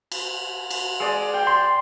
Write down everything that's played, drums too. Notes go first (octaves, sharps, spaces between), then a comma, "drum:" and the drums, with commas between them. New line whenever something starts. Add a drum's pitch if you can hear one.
drum: cymbal
drum: cymbal
G#3 D5
G5
C6